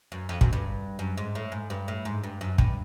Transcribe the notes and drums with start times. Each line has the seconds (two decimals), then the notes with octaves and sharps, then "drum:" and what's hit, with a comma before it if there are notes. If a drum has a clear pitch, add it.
0.12 F#2
0.29 F2
0.41 F#2, drum: kick
0.53 G2
0.99 F#2
1.17 G#2
1.35 A2
1.52 G#2
1.70 G2
1.88 A2
2.05 G#2
2.24 G2
2.41 F#2
2.58 G2, drum: kick